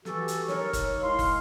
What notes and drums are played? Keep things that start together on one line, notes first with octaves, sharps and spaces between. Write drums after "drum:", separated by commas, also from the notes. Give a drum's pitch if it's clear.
E3 F#4 G4 A4, drum: snare
drum: hi-hat
D#4 A#4 C#5, drum: snare
drum: kick, hi-hat
G#3 E4 F5 C6
drum: kick, open hi-hat